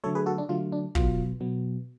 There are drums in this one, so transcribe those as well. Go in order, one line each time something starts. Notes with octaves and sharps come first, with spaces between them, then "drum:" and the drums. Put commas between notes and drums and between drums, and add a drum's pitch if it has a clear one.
D3 F#3 A3 A4 C#5
G#4 B4
F#4 A4
D4
D3 F#3 A3 F4
D4
B2 F#3 B3 F4, drum: kick
B2 F#3 B3